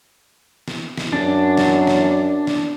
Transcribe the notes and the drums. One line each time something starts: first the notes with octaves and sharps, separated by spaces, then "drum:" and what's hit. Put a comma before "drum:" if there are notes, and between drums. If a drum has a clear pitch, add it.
drum: snare
drum: snare
F#2 C#4 D4
drum: snare
drum: snare
drum: snare